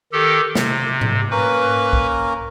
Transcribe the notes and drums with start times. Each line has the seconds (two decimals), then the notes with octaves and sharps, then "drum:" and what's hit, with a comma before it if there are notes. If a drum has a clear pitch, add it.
0.13 D#3 G4 A4
0.55 C3, drum: snare
1.01 drum: tom G#2
1.31 A#3 C#4 A#4 B4
1.93 drum: kick